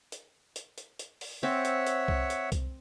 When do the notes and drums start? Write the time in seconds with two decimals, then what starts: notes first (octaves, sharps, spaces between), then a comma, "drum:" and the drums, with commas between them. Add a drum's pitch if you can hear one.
0.12 drum: hi-hat
0.56 drum: hi-hat
0.78 drum: hi-hat
0.99 drum: hi-hat
1.21 drum: open hi-hat
1.43 C4 C#5 E5 F#5
1.65 drum: hi-hat
1.87 drum: hi-hat
2.08 drum: kick C2
2.30 drum: hi-hat
2.52 drum: kick C2, hi-hat